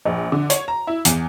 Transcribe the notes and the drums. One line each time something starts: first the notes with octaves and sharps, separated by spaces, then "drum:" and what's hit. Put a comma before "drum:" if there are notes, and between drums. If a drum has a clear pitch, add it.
A#1
D3
C#5, drum: hi-hat
A#5
E4
E2, drum: hi-hat